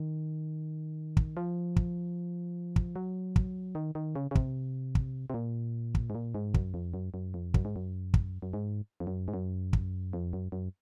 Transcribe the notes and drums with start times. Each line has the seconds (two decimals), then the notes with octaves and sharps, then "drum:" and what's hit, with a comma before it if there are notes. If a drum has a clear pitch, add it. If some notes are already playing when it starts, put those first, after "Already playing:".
Already playing: D#3
1.17 drum: kick
1.37 F3
1.76 drum: kick
2.76 drum: kick
2.96 F#3
3.36 drum: kick
3.75 D#3
3.95 D#3
4.16 C#3
4.31 C#3
4.35 C3, drum: kick
4.95 drum: kick
5.30 C3
5.34 A#2
5.95 drum: kick
6.10 G#2
6.15 A#2
6.35 G#2
6.54 F#2, drum: kick
6.74 F2
6.94 F#2
7.14 F#2
7.34 F2
7.54 F#2, drum: kick
7.65 G#2
7.76 F#2
8.14 drum: kick
8.42 F#2
8.53 G#2
9.00 F2
9.07 F#2
9.28 G#2
9.34 F#2
9.73 drum: kick
10.13 F2
10.33 F#2
10.52 F#2